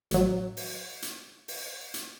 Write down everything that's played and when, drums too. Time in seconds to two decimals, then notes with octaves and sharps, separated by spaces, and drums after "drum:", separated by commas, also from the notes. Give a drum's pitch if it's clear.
0.11 A1 F#3, drum: hi-hat
0.57 drum: open hi-hat
1.02 drum: hi-hat
1.48 drum: open hi-hat
1.94 drum: hi-hat